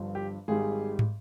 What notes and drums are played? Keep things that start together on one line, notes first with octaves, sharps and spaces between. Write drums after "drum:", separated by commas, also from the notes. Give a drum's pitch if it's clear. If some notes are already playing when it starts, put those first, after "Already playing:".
Already playing: G1 G2 F3
G4
G#1 G#2 G3 G#4
drum: tom